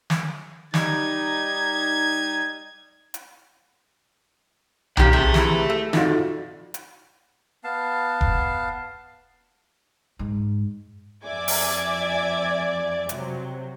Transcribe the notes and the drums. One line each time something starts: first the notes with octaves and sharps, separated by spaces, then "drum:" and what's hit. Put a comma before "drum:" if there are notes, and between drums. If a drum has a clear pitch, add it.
drum: snare
G3 D#4 G#6, drum: snare
drum: hi-hat
A#2 D#3 A#3 G4, drum: tom B1
C3 G4 G#4 E5 A5 A#5
C3 E3, drum: snare
A3
F2 D#4 F4 F#4 A4 D5, drum: snare
drum: hi-hat
B3 F5 A5
drum: kick E1
G#2
F2 D5 E5 G#5 D6 G#6
drum: open hi-hat
C3 F#3, drum: hi-hat